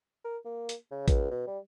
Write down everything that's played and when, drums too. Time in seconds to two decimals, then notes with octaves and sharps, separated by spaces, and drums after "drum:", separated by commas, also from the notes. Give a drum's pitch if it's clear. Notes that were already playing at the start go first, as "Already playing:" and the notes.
0.24 A#4
0.45 A#3
0.69 drum: hi-hat
0.91 C#3
1.08 C#2, drum: kick A1, hi-hat
1.31 B2
1.47 G3